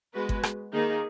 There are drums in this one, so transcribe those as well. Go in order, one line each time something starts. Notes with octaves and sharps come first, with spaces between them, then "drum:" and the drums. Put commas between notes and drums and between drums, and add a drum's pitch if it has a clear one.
G#3 B3 F#4 B4
drum: kick G1
drum: rim click
D#3 A#3 D#4 G#4